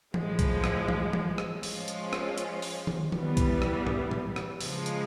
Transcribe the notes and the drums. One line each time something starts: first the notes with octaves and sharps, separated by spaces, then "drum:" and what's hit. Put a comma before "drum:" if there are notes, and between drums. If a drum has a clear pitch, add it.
A2 F3 G#3, drum: tom E3
drum: kick B1, hi-hat
drum: rim click
drum: tom E3
drum: tom E3
drum: rim click
F3 G#3 C#4 F4, drum: open hi-hat
drum: hi-hat
drum: rim click
drum: hi-hat
drum: open hi-hat
drum: tom D#3
E3 G3 B3, drum: tom D#3
drum: kick B1, hi-hat
drum: rim click
drum: tom
drum: tom A2
drum: rim click
C#3 F3 G#3, drum: open hi-hat
drum: hi-hat